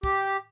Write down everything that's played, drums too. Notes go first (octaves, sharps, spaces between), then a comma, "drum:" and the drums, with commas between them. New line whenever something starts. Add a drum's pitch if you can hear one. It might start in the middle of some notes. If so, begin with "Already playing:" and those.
G4, drum: kick